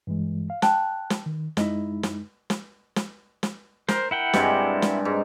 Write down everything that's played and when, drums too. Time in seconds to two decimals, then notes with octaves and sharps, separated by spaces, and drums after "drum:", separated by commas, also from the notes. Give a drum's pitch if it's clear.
0.07 G2 E3 G#3
0.50 F5
0.62 G5 A5 F#6, drum: snare
1.10 drum: snare
1.26 D#3
1.57 F#2 G#3 D#4 E4 D#5, drum: snare
2.03 drum: snare
2.50 drum: snare
2.96 drum: snare
3.43 drum: snare
3.88 A#4 C5, drum: snare
4.11 E4 F#5 G5
4.33 G2 C3 G#3, drum: snare
4.82 drum: snare
5.05 G#2